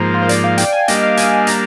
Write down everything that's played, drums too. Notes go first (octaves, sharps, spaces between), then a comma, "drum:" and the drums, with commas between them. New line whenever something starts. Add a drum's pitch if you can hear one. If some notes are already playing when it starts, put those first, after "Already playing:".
Already playing: G#2 F3 A#3 A#4 C5
F4
C5
D5, drum: hi-hat
F5
G5, drum: hi-hat
G#5
G3 A#3 D4 D#5, drum: hi-hat
F5
G#5, drum: hi-hat
A#5, drum: hi-hat